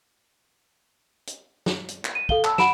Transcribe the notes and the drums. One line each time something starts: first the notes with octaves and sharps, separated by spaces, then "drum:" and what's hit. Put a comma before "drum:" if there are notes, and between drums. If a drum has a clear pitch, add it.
drum: hi-hat
drum: snare
drum: hi-hat
drum: clap
D#7
A4 F5 G7, drum: kick
A5 E6, drum: clap
F#5 B5 D7 E7, drum: snare